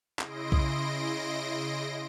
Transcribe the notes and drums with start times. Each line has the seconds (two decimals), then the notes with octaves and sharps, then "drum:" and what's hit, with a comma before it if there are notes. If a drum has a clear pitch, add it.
0.19 C#3 E4 D#5 C6 A#6 D7, drum: clap
0.52 drum: kick B1